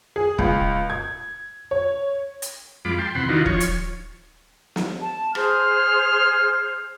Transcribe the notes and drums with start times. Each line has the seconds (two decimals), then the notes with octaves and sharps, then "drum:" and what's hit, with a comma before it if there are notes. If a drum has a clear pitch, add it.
0.16 G#4
0.38 C#2, drum: kick
0.90 G#6
1.71 C#5
2.42 drum: hi-hat
2.85 F2 G#3 F4 B5 D6
2.98 G5 A5 C6
3.15 E2 C3 F#5 B5 C6
3.29 D#3 E3 D4 D#4 F4 F#4
3.46 F3 C#5, drum: kick
3.60 drum: hi-hat
4.76 drum: snare
5.00 A5
5.35 G#4 C5 F6, drum: rim click